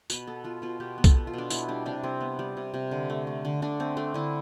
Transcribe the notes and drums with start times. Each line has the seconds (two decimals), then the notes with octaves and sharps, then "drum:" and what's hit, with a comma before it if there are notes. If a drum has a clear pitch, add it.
0.10 B2 B4, drum: tambourine
0.27 B3 A4
0.44 B3 F4
0.62 B2 F4
0.80 B2 G4
0.98 B3
1.04 A4, drum: kick, tambourine
1.16 B3
1.27 F4
1.33 B2 D4
1.50 B3 E4, drum: tambourine
1.68 G3 D4
1.86 C3 D4
2.03 C3 C4
2.21 B3
2.39 G3
2.57 C3
2.74 C3
2.91 D3
3.10 A3
3.27 A3
3.45 D3
3.62 D3 D4
3.80 A3 C4
3.97 A3 D4
4.14 D3 E4